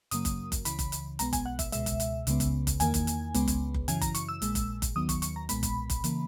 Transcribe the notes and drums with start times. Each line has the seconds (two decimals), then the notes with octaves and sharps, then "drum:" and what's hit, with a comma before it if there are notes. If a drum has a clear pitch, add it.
0.11 F#2 C#3 F#3 A#3 D#6, drum: hi-hat
0.25 drum: kick F#1, hi-hat
0.52 drum: kick F#1, hi-hat
0.65 C#2 C#3 E3 B5, drum: hi-hat
0.79 drum: kick F#1, hi-hat
0.92 drum: hi-hat
1.19 B1 B2 G#3 B3 A#5, drum: hi-hat
1.33 G#5, drum: kick F#1, hi-hat
1.46 F#5
1.59 E5, drum: kick F#1, hi-hat
1.72 C#2 B2 G#3 E5, drum: hi-hat
1.86 drum: kick F#1, hi-hat
2.00 drum: hi-hat
2.27 C#2 C#3 G#3 B3, drum: hi-hat
2.40 drum: kick F#1, hi-hat
2.67 drum: kick F#1, hi-hat
2.80 E2 D#3 A#3 G#5, drum: hi-hat
2.94 drum: kick F#1, hi-hat
3.07 drum: hi-hat
3.34 C#2 C#3 G#3 B3, drum: hi-hat
3.48 drum: kick F#1, hi-hat
3.74 drum: kick F#1
3.88 F#2 C#3 E3 G#5, drum: hi-hat
4.01 A#5, drum: kick F#1, hi-hat
4.15 C#6, drum: hi-hat
4.29 E6
4.42 A#1 A#2 G#3, drum: hi-hat
4.55 drum: kick F#1, hi-hat
4.82 drum: kick F#1, hi-hat
4.96 D#2 D#3 F#3 B3 D#6
5.09 C#6, drum: kick F#1, hi-hat
5.22 C#6, drum: hi-hat
5.36 A#5
5.49 B1 A#2 G#3 B3 B5, drum: hi-hat
5.63 drum: kick F#1, hi-hat
5.90 drum: kick F#1, hi-hat
6.04 C#3 E3 A#3, drum: hi-hat